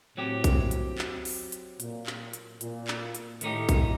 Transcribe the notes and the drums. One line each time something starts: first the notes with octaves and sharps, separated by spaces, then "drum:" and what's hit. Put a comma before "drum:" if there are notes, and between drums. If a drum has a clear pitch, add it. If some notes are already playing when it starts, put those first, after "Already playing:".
A2 F#3 C4 G4
drum: kick A#1, hi-hat
drum: hi-hat
drum: clap
drum: open hi-hat
drum: hi-hat
A#2, drum: hi-hat
drum: clap
drum: hi-hat
A#2, drum: hi-hat
drum: clap
drum: hi-hat
A2 D#3 A3 D#4 G4, drum: hi-hat
drum: kick A#1, hi-hat